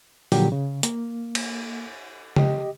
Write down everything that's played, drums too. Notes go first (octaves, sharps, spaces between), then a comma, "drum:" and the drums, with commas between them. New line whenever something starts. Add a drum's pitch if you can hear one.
A#2 D3 F3 F#3 G4, drum: open hi-hat
C#3
A#3, drum: hi-hat
drum: cymbal
G4 D#5, drum: tom